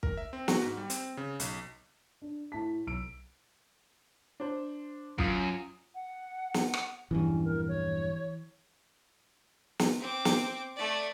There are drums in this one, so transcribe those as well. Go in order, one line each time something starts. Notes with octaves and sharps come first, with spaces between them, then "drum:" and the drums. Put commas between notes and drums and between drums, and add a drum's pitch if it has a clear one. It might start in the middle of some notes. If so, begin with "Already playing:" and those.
A#4, drum: kick
E5
C4
F#4, drum: snare
G#2
G3
C4, drum: hi-hat
C#3
B1, drum: hi-hat
D4
A2 A5 B6
B1 E6 D7
D4 C5
F#2 F4 D#6 D#7, drum: kick
F#5
drum: snare
drum: rim click
A#1 E2 G2 E3 C#4
A#4
C#5
drum: snare
C4 D6
drum: snare
A3 D5